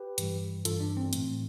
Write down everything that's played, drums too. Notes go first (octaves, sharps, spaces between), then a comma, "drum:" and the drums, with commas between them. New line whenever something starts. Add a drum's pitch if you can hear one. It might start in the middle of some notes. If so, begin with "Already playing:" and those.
Already playing: G4 B4
G2 E3 G3, drum: hi-hat
G2 E3 G3 F4 A4, drum: hi-hat
D4
C4
A2 E3 A3, drum: hi-hat